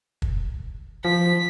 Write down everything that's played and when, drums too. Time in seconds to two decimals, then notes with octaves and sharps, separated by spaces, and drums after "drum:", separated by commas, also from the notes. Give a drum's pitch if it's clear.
0.22 drum: kick
1.05 F3 B6